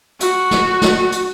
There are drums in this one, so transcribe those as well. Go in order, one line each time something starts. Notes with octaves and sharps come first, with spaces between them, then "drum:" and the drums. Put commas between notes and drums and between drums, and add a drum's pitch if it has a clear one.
F#4, drum: hi-hat
drum: snare
drum: snare
drum: hi-hat